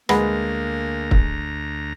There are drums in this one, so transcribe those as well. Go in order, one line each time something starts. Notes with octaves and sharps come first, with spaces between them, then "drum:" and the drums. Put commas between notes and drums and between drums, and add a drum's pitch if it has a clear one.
D2 G#3 A#3 B4 F#5 A#5 B5, drum: rim click
drum: kick